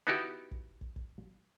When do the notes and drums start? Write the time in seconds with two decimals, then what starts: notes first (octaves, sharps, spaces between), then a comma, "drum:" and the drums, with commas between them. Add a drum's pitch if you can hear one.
0.07 B3 D#4 E4 F#4 G4
0.51 drum: kick
0.81 drum: kick
0.96 drum: kick